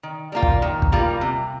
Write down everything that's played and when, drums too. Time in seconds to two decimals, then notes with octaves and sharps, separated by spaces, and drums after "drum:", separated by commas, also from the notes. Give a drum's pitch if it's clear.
0.03 D#3
0.32 G3 A#3 F4
0.42 drum: kick
0.62 D#3
0.82 drum: kick
0.92 G3 A#3 F4
1.21 C3